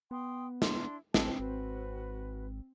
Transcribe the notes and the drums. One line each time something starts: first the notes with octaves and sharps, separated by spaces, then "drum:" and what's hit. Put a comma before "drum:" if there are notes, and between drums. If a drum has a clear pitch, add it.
B3 G5 C6 D#6
D4 E4 C6, drum: snare
A1 C4 A5, drum: snare
G#1 F#4 B4